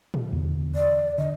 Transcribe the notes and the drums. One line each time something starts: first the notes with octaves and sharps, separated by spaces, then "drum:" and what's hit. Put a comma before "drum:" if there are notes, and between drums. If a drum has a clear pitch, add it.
drum: tom A#2
E2 D3
D5
D3 D#5